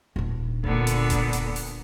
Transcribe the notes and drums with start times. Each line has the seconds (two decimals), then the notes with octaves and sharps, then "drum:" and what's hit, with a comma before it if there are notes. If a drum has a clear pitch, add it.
0.16 D#1 D4
0.64 A#2 D3 B3, drum: kick F#1
0.87 drum: hi-hat
1.10 drum: kick F#1, hi-hat
1.33 drum: hi-hat
1.56 drum: open hi-hat